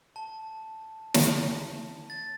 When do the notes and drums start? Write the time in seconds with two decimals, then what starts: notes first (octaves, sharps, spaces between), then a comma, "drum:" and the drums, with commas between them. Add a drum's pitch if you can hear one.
0.16 A5
1.14 drum: snare
2.10 A6